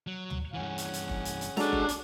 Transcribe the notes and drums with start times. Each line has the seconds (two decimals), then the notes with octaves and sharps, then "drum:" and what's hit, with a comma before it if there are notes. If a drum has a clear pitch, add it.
0.07 F#3
0.30 drum: tom
0.53 G2 E3 C#4 G#4 F#5
0.78 drum: hi-hat
0.94 drum: hi-hat
1.09 drum: kick F1
1.25 drum: hi-hat
1.41 drum: hi-hat
1.57 G#3 D4 F#4 A4 D5 A#5, drum: snare
1.73 drum: kick F1
1.89 drum: hi-hat